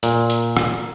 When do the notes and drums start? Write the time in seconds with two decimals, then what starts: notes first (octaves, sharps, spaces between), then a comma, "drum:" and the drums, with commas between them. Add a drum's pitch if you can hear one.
0.03 A#2, drum: hi-hat
0.30 drum: hi-hat
0.57 drum: rim click